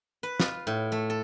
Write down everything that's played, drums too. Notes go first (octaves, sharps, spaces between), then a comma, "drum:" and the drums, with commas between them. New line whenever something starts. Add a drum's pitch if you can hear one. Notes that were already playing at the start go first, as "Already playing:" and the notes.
B4
F4, drum: snare
A2
A3
A4